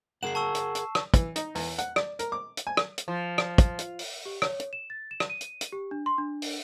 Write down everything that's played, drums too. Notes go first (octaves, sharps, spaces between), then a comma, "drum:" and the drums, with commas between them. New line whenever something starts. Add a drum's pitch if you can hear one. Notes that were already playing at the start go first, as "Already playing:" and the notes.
G#4 A#4 F#5 C7 E7
A5 C#6 E6
drum: hi-hat
drum: hi-hat
drum: rim click
E3, drum: kick, hi-hat
D#4, drum: hi-hat
E2, drum: open hi-hat
F#5, drum: hi-hat
D5, drum: rim click
A#4, drum: hi-hat
D6
drum: hi-hat
G#5
drum: rim click
drum: hi-hat
F3
drum: rim click
drum: kick, hi-hat
drum: hi-hat
drum: open hi-hat
G4
C#5, drum: rim click
drum: hi-hat
E7
A6
E7
drum: rim click
D#7
drum: hi-hat
drum: hi-hat
G4
D4
C6
D4
drum: open hi-hat